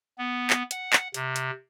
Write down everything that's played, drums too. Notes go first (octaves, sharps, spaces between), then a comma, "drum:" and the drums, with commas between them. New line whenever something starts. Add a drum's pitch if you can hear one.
B3
drum: clap
F#5, drum: hi-hat
drum: clap
C3, drum: hi-hat
drum: hi-hat